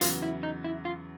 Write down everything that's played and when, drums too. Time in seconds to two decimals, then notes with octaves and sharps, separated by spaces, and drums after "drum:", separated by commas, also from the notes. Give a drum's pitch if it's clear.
0.01 E2 C#3 F#3 B3 F4, drum: hi-hat
0.23 E4
0.43 D#4
0.64 E4
0.85 F4